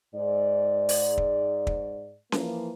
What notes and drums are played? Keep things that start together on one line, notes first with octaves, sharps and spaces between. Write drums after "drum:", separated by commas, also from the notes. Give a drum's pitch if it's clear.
G#2 D5
drum: open hi-hat
drum: kick
drum: kick
E3 F3 A#3, drum: snare C#4